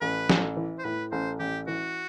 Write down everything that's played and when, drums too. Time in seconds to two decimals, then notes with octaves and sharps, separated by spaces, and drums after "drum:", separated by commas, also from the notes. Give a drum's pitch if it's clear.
0.01 A1 B4
0.29 A1, drum: snare
0.57 E3
0.79 C5
0.85 A2 B4
1.12 A1 C5
1.39 A1 G4
1.67 E3 F#4